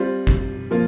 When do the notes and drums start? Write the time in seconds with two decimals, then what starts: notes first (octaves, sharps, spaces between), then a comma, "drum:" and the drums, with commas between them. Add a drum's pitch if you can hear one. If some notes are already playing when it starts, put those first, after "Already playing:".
Already playing: G3 C4 F4
0.27 drum: kick
0.71 F3 A#3 F4